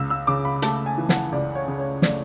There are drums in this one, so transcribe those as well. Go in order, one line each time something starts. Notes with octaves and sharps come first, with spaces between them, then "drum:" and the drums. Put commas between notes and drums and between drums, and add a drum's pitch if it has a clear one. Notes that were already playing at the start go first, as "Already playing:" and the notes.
Already playing: C#2 E6
E6
C#3 D6
B5
A3 A5, drum: hi-hat
G#5
E3
F#5, drum: snare
C#2 D5
C#5
C#3
C#5
A3 D5, drum: snare